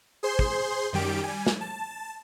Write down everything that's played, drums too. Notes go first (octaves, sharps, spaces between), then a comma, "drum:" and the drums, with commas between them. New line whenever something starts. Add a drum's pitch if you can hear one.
G#4 C5 C6
drum: kick
F#2 D#3 G3 G4 D7
G3 G#5
drum: snare
A5